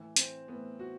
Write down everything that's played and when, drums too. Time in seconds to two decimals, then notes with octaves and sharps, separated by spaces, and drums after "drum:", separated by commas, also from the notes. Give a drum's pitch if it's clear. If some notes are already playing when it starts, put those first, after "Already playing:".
Already playing: A2 E3
0.16 C4, drum: hi-hat
0.48 A2 E3 B3
0.79 F#4